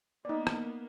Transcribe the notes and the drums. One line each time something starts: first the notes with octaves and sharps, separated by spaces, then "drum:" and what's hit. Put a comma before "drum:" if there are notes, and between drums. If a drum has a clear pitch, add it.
A#3 B3 D#4 D5
drum: rim click